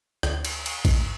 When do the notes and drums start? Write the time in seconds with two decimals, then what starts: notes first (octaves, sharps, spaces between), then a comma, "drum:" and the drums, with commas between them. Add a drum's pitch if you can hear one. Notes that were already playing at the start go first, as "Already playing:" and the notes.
0.23 D2, drum: rim click
0.45 drum: cymbal
0.66 drum: cymbal
0.85 G#2, drum: kick A1, cymbal